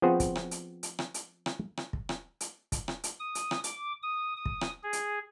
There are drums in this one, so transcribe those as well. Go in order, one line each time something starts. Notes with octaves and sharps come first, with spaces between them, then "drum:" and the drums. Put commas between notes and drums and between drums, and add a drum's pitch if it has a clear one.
F3 B3 C4 F#4 G#4 C5
drum: kick, hi-hat
drum: rim click
drum: hi-hat
drum: hi-hat
drum: rim click
drum: hi-hat
drum: rim click
drum: rim click
drum: kick
drum: rim click
drum: hi-hat
drum: kick, hi-hat
drum: rim click
drum: hi-hat
D#6
drum: hi-hat
drum: rim click
D6, drum: hi-hat
D#6
D#6
drum: kick
drum: rim click
G#4
drum: hi-hat